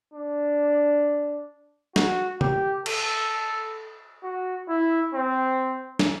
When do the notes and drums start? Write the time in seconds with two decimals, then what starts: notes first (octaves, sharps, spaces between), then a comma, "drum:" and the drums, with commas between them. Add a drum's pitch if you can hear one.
0.14 D4
1.96 F#4, drum: snare
2.41 G4, drum: tom C3
2.86 A4, drum: cymbal
4.23 F#4
4.69 E4
5.15 C4
5.99 drum: snare